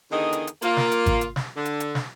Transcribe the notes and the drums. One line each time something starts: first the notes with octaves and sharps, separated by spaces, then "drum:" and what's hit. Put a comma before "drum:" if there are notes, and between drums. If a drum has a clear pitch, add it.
E2 D3 D#3 D#4 G#4 D#5
drum: hi-hat
drum: hi-hat
A#3 F4, drum: hi-hat
drum: snare
drum: hi-hat
drum: kick G#1, hi-hat
drum: hi-hat
drum: snare
D3
drum: hi-hat
drum: hi-hat
drum: snare